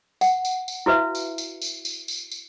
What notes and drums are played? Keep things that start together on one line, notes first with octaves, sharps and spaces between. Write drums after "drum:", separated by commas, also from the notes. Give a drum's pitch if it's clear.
F#5, drum: tambourine
drum: tambourine
drum: tambourine
E4 F#4 B4 E5 F5
drum: tambourine
drum: tambourine
drum: tambourine
drum: tambourine
drum: tambourine
drum: tambourine